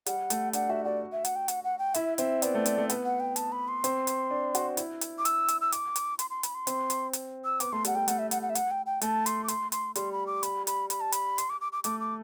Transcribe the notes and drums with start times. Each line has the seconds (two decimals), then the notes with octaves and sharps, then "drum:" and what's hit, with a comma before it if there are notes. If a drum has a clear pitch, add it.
0.06 G3 F#5, drum: hi-hat
0.30 A3, drum: hi-hat
0.53 D4 F#5, drum: hi-hat
0.69 F#4 E5
0.85 F#4 D5
1.12 E5
1.25 F#5, drum: hi-hat
1.36 G5
1.48 F#5, drum: hi-hat
1.64 F#5
1.79 G5
1.94 E4 E5, drum: hi-hat
2.18 C4 E5, drum: hi-hat
2.42 B3 D5, drum: hi-hat
2.54 A3
2.66 C4, drum: hi-hat
2.78 A3
2.89 B3, drum: hi-hat
3.05 F#5
3.20 G5
3.36 A5, drum: hi-hat
3.52 B5
3.68 C6
3.84 C4, drum: hi-hat
4.07 drum: hi-hat
4.31 D4
4.55 F#4, drum: hi-hat
4.77 E4, drum: hi-hat
5.01 drum: hi-hat
5.19 D6
5.25 E6, drum: hi-hat
5.48 drum: hi-hat
5.61 E6
5.72 D6, drum: hi-hat
5.96 drum: hi-hat
6.19 C6, drum: hi-hat
6.30 C6
6.43 B5, drum: hi-hat
6.55 C6
6.67 C4, drum: hi-hat
6.90 drum: hi-hat
7.13 drum: hi-hat
7.45 E6
7.60 B3 D6, drum: hi-hat
7.72 A3 C6
7.85 G3 F#5, drum: hi-hat
7.95 G3 G5
8.08 A3 F#5, drum: hi-hat
8.19 E5
8.31 F#5, drum: hi-hat
8.42 F#5
8.50 E5
8.55 F#5, drum: hi-hat
8.71 G5
8.86 G5
9.01 A3 A5, drum: hi-hat
9.26 C6, drum: hi-hat
9.44 D6
9.48 C6, drum: hi-hat
9.72 C6, drum: hi-hat
9.95 G3 C6, drum: hi-hat
10.12 B5
10.27 D6
10.43 B5, drum: hi-hat
10.67 B5, drum: hi-hat
10.90 B5, drum: hi-hat
11.01 A5
11.12 B5, drum: hi-hat
11.38 C6, drum: hi-hat
11.50 D6
11.61 D6
11.72 D6
11.84 A3 D6, drum: hi-hat
12.00 D6